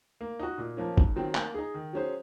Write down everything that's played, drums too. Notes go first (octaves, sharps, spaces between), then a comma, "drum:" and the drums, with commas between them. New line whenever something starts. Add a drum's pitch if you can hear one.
A#3
D#4 F#4
A#2
F3 A#3 C#4
G#2, drum: kick
D#3 F#3 C4
A#3, drum: clap
D#4 G#4
D#3
F#3 C#4 G#4 C5